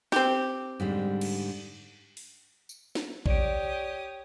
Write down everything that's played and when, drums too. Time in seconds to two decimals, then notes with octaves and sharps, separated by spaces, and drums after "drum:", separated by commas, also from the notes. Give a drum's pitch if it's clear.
0.12 C4 G4, drum: snare
0.80 G#2 D3 G3
1.21 drum: cymbal
2.17 drum: open hi-hat
2.69 drum: tambourine
2.95 drum: snare
3.26 G4 C#5 D5 D#6 D7, drum: kick A#1